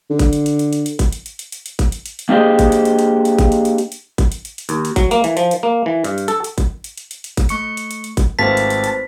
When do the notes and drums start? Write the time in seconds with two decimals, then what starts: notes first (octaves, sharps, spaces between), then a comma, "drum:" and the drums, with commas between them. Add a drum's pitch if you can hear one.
0.10 D3
0.19 drum: kick G#1, hi-hat
0.33 drum: hi-hat
0.46 drum: hi-hat
0.59 drum: hi-hat
0.73 drum: hi-hat
0.86 drum: hi-hat
0.99 drum: kick G#1, hi-hat
1.12 drum: hi-hat
1.26 drum: hi-hat
1.39 drum: hi-hat
1.52 drum: hi-hat
1.66 drum: hi-hat
1.79 drum: kick G#1, hi-hat
1.92 drum: hi-hat
2.06 drum: hi-hat
2.19 drum: hi-hat
2.29 A#3 D4 G4 G#4 C5 D#5
2.59 drum: kick G#1, hi-hat
2.72 drum: hi-hat
2.85 drum: hi-hat
2.99 drum: hi-hat
3.25 drum: hi-hat
3.39 drum: kick G#1, hi-hat
3.52 drum: hi-hat
3.65 drum: hi-hat
3.78 drum: hi-hat
3.92 drum: hi-hat
4.18 drum: kick G#1, hi-hat
4.32 drum: hi-hat
4.45 drum: hi-hat
4.58 drum: hi-hat
4.69 D#2, drum: hi-hat
4.85 drum: hi-hat
4.96 F#3, drum: kick G#1, hi-hat
5.11 A#3, drum: hi-hat
5.24 E3, drum: hi-hat
5.37 F3, drum: hi-hat
5.51 drum: hi-hat
5.63 A#3
5.86 E3
6.04 G2, drum: hi-hat
6.18 drum: hi-hat
6.28 A4, drum: hi-hat
6.44 drum: hi-hat
6.58 drum: kick G#1, hi-hat
6.84 drum: hi-hat
6.98 drum: hi-hat
7.11 drum: hi-hat
7.24 drum: hi-hat
7.37 drum: kick G#1, hi-hat
7.49 A3 C#6 C#7, drum: hi-hat
7.77 drum: hi-hat
7.91 drum: hi-hat
8.04 drum: hi-hat
8.17 drum: kick G#1, hi-hat
8.39 G#1 A3 F4 B4 C5 A5 B6
8.57 drum: hi-hat
8.70 drum: hi-hat
8.84 drum: hi-hat